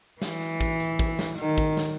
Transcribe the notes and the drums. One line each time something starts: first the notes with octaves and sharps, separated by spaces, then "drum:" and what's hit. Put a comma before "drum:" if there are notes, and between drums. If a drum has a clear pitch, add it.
E3, drum: snare
drum: hi-hat
drum: kick, hi-hat
drum: hi-hat
drum: kick, hi-hat
drum: snare
D#3, drum: hi-hat
drum: kick, hi-hat
drum: snare